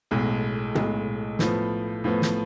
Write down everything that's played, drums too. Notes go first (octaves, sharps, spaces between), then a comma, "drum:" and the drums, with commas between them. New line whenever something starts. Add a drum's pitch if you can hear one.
B1 A2 G#3
B1 A2 G#3, drum: tom
A2 F3 B3, drum: snare
A2 F3 B3
drum: snare